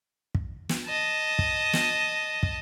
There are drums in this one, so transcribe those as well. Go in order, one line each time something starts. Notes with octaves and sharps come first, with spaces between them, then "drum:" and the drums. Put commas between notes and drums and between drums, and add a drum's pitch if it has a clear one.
drum: kick
drum: snare
D#5 A5
drum: kick
drum: snare
drum: kick